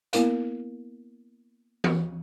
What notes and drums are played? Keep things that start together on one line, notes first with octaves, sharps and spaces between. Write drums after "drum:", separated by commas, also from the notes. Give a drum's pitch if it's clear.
A#3 B3 E4 A#4 F5, drum: hi-hat
drum: tom E3